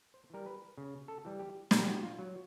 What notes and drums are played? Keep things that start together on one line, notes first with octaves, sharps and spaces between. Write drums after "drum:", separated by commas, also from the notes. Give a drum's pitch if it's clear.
C5
E3 G3 A#4
B4
C#3
A4
E3 G3
G4
A#2 F#4, drum: snare
G4
F#4
F4
F#3